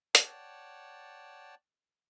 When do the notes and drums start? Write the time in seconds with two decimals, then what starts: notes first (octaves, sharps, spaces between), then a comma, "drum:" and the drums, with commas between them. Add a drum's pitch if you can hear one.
0.15 C#5 D5 F#5 G5 A5, drum: hi-hat